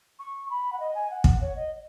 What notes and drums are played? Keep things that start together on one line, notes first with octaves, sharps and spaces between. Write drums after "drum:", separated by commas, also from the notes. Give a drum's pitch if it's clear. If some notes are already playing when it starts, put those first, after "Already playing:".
C#6
B5
F#5
D#5
G#5
F#5
drum: kick
C#5
D#5